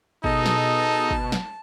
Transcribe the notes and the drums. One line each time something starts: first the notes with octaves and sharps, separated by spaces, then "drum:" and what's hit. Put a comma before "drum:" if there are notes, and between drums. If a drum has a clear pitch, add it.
B2 D#4 G#4 A4 D#5 A5, drum: kick
drum: snare
drum: kick
drum: snare